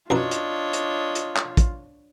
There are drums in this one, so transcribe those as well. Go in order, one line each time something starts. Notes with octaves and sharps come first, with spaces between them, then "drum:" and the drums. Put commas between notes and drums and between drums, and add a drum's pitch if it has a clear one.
F#2 E3 D4 F4 C#5 D#5 A#5
drum: hi-hat
drum: hi-hat
drum: hi-hat
drum: clap
drum: kick, hi-hat